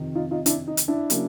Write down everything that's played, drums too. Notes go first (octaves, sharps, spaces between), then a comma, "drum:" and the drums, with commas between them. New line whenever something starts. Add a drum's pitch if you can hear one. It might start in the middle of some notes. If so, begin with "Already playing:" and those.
Already playing: F2 C3 D#3
D#4 F4
D#4 F4
D4 E4, drum: hi-hat
D#4
drum: hi-hat
D4 E4
C#3 F#3 A#3, drum: hi-hat